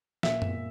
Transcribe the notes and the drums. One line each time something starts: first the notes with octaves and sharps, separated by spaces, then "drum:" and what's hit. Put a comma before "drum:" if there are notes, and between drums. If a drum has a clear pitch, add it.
A#2 E5, drum: snare
drum: tom F#2